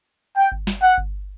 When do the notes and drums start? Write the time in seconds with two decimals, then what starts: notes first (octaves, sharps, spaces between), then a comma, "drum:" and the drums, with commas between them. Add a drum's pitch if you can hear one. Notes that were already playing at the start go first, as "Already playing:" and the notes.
0.36 G5
0.52 drum: kick G1
0.67 drum: snare
0.82 F#5
0.98 drum: kick G1